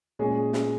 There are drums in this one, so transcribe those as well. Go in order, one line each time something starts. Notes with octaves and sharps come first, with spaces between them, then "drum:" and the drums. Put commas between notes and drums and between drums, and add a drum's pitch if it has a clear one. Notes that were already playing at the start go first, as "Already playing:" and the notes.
A#2 G#3 C#4 G#4
drum: snare